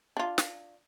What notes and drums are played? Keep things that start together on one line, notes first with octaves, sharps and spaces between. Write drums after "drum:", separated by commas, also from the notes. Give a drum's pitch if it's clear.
D4 F4
drum: snare